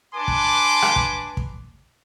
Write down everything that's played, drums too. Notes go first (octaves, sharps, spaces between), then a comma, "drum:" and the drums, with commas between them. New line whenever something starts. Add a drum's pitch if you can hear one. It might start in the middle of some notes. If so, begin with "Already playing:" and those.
D4 B4 G#5 A5 C6 D6
drum: kick
drum: rim click
drum: kick
drum: kick